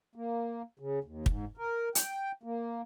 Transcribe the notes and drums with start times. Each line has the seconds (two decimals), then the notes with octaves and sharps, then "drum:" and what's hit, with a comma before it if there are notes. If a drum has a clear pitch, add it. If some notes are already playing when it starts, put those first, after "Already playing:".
0.16 A#3
0.79 C#3
1.04 D#2
1.26 G#2, drum: kick
1.57 A#4
1.95 G5, drum: hi-hat
2.43 A#3